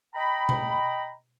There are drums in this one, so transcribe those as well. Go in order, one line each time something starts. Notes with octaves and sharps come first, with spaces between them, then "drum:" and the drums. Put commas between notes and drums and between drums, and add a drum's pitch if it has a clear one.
D#5 G5 A#5 B5
drum: tom B2